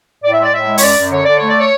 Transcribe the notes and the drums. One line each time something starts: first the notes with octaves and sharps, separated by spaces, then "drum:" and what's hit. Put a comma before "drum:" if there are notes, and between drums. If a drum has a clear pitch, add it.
A2 D5
E5
G#3 D5
A2 E5
G#3
C#5, drum: open hi-hat
F#2 D5
F#2
D3 C#5
D3 D5
C#5
A3
D5
C#5